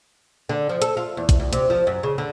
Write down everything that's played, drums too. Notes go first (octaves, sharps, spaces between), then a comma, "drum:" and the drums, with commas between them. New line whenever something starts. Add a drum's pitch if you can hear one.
D3
F3
A4, drum: hi-hat
F4
E2
drum: kick, hi-hat
D2
C3, drum: hi-hat
F3
F#2
C#3
D3